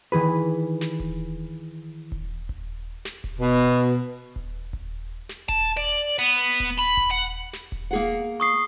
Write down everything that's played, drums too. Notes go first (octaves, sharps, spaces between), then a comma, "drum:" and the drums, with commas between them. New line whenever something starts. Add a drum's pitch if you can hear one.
D#3 E3 G#4 B4
drum: snare
drum: kick D#1
drum: kick D#1
drum: kick D#1
drum: snare
drum: kick D#1
B2
drum: kick D#1
drum: kick D#1
drum: snare
A5, drum: kick D#1
D5
B3
drum: kick D#1
B5
drum: kick D#1
F#5
drum: snare
drum: kick D#1
A#3 G#4 F#5
C#6 D#6 C7